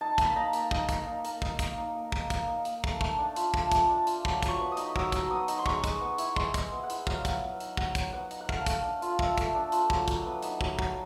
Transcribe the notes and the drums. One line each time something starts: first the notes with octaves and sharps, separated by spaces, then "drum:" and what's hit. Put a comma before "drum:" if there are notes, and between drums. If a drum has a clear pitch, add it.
D#4 A5
A#3, drum: kick, hi-hat
B5
D#4 A#5
A#3, drum: hi-hat
D#4, drum: kick
A#3, drum: kick, hi-hat
D#4
A#3, drum: hi-hat
D#4, drum: kick
A#3, drum: kick, hi-hat
D#4
A#3
D#4 A#5, drum: kick
A#3, drum: kick, hi-hat
D#4
A#3, drum: hi-hat
A3, drum: kick
A3, drum: kick
D4
F4, drum: hi-hat
A3 A5, drum: kick
A3, drum: kick, hi-hat
D4
F4, drum: hi-hat
F#3 B5, drum: kick
F#3, drum: kick, hi-hat
C#6
B3
D#6
D#4, drum: hi-hat
F#3 E6, drum: kick
F#3, drum: kick, hi-hat
B3 D#6
D#4, drum: hi-hat
C6
G#3 C#6, drum: kick
G#3, drum: kick, hi-hat
B3
E4, drum: hi-hat
G#3 C6, drum: kick
G#3, drum: kick, hi-hat
B3
F#5
E4, drum: hi-hat
F#3 F5, drum: kick
F#3, drum: kick, hi-hat
B3
D#4, drum: hi-hat
F#3 F#5, drum: kick
F#3, drum: kick, hi-hat
B3 F#5
D#4, drum: hi-hat
F#5
A3 F5, drum: kick
A3, drum: kick, hi-hat
D4
F4, drum: hi-hat
A3 E5, drum: kick
A3, drum: kick, hi-hat
D4
F4, drum: hi-hat
F#3, drum: kick
F#3, drum: kick, hi-hat
B3
D#4, drum: hi-hat
F#3, drum: kick
F#3, drum: kick